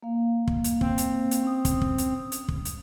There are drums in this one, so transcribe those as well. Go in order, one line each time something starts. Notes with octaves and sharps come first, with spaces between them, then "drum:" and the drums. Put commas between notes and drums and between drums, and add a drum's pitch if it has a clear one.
A#3 F5
drum: kick
drum: hi-hat
C4, drum: kick
drum: hi-hat
drum: hi-hat
C#4 D#6
drum: kick, hi-hat
drum: kick
drum: hi-hat
drum: hi-hat
drum: kick
drum: hi-hat